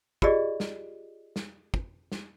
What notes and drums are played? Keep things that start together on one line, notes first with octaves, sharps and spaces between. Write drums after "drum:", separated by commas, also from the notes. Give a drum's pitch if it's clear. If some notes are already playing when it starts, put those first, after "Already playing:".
F4 G4 G#4 D5 D#5, drum: kick
drum: snare
drum: snare
drum: kick
drum: snare